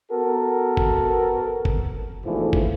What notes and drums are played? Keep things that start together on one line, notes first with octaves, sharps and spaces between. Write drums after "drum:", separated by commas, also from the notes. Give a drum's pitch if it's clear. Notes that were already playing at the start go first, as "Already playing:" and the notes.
B3 F#4 A4 A#4
drum: kick G1
drum: kick G1
G#2 B2 D3 E3 F3 A3
drum: kick G1